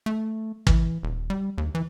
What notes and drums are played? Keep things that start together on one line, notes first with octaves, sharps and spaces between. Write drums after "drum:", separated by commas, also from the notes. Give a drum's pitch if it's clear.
A3
E3, drum: kick
D#1
G3
D#2
E3